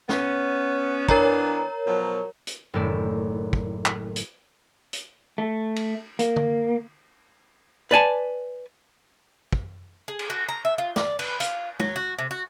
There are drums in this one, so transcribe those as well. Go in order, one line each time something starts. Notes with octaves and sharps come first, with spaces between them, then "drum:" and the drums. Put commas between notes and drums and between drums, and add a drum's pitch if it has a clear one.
B3 C#4, drum: snare
E3 B3 D4 A#4 C#5 A#5, drum: kick
B2 F3 F#3
drum: hi-hat
F#1 A2 D#3 A3 E4 D5
drum: kick
drum: clap
drum: hi-hat
drum: hi-hat
A3
drum: cymbal
A#3, drum: hi-hat
drum: tom D3
B4 D5 G#5 A5
drum: kick
G#4
drum: cymbal
F#4
A#5
E5
F4
D5, drum: snare
B4, drum: cymbal
F4, drum: hi-hat
F#3, drum: tom
F#4
C3
F#4